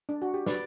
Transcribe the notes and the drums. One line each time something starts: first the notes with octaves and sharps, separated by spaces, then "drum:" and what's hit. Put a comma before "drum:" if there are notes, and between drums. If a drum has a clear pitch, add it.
D4
F#4
G4
B4 D5, drum: snare